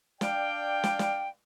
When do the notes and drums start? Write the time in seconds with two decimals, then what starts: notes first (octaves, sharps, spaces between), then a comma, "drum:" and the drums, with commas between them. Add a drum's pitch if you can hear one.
0.21 D4 D5 F5 G5, drum: snare
0.84 drum: snare
0.99 drum: snare